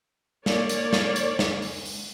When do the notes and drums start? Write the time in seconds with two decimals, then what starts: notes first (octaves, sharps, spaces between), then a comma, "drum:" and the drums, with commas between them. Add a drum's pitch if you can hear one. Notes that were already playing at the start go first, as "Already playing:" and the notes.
0.46 A#3 C#5 D5, drum: snare
0.69 drum: hi-hat
0.93 drum: snare
1.16 drum: hi-hat
1.39 drum: snare
1.62 drum: open hi-hat
1.86 drum: open hi-hat